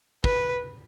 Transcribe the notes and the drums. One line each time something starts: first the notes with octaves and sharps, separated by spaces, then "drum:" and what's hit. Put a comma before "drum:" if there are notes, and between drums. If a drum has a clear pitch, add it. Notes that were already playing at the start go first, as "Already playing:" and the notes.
B4, drum: kick